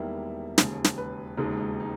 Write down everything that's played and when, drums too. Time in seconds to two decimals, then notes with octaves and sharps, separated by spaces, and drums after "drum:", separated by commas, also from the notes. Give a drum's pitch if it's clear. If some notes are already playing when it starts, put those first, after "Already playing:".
Already playing: E1 E2 D#3 G3 A#3 E4
0.58 E1 D#2 C#3 G#4, drum: snare
0.84 drum: snare
0.98 B4
1.37 E1 D#2 C#3 G#3 D#4
1.57 D#4
1.80 D#4